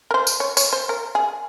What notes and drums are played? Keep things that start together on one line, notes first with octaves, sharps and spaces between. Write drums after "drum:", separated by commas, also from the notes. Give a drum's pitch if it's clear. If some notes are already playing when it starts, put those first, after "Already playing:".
A#4
C5
drum: tambourine
C#5
C#5, drum: tambourine
C5
A#4
G#4